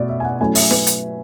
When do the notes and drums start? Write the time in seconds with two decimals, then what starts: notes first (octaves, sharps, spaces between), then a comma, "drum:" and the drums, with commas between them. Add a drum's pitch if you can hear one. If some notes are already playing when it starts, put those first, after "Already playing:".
Already playing: B2 A3 D5
0.09 E5
0.20 G#5
0.24 F#5
0.41 F#3 A3 C#4 E4 G#5
0.55 E5, drum: open hi-hat
0.71 B4, drum: snare
0.87 drum: hi-hat